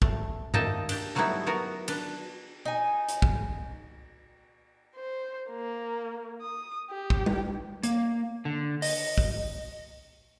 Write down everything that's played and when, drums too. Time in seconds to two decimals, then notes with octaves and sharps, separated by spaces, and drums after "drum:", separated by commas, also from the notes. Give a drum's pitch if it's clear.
0.02 A3, drum: kick
0.54 A#3 D#4 D#5 E5 G5 A5, drum: tom G2
0.89 D4 G4, drum: cymbal
1.15 F#3 G3 A3 B3 D#4 E4
1.47 B3 F#4 A#4
1.88 D4 B4, drum: cymbal
2.65 D#4 G#5
3.09 drum: hi-hat
3.22 drum: kick
4.96 C5
5.50 A#3
6.42 D#6
6.91 G4
7.10 drum: kick
7.26 drum: tom G3
7.83 A#3, drum: hi-hat
8.45 D3
8.82 D#5, drum: open hi-hat
9.18 drum: kick